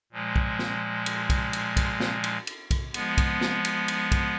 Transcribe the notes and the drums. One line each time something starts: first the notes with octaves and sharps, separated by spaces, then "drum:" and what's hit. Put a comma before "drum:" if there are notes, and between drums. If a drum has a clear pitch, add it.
A#2 F3 G#3
drum: kick B1
drum: snare
drum: cymbal
drum: kick B1, cymbal
drum: cymbal
drum: kick B1, cymbal
drum: snare
drum: cymbal
drum: cymbal
drum: kick B1, cymbal
F3 G#3 B3, drum: cymbal
drum: kick B1, cymbal
drum: snare
drum: cymbal
drum: cymbal
drum: kick B1, cymbal